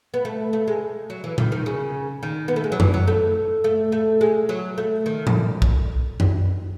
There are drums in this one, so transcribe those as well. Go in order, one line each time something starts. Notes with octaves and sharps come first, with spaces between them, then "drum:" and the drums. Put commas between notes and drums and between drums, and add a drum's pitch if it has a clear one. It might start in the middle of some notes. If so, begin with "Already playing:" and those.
B3
A3
A3
G#3
F#3
E3
D#3, drum: tom A#2
D#3
C#3
D#3
B3
A3
G#3
F#3
E3, drum: tom F#2
F#3
A3
A3
A3
G#3
F#3
A3
D#3
drum: tom A2
drum: kick
drum: tom F#2